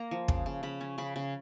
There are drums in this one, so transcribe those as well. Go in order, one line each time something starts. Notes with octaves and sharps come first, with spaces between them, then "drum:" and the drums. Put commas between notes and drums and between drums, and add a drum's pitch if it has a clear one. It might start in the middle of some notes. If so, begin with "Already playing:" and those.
Already playing: A#3 A#5
F3
C#3, drum: kick
C#3
C#3 B5
C#4
C#3 B5
C#3